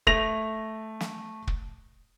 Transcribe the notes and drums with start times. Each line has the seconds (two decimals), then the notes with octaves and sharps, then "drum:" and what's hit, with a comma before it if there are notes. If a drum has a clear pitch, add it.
0.07 A3 A#6 F7, drum: kick
1.01 drum: snare
1.47 drum: kick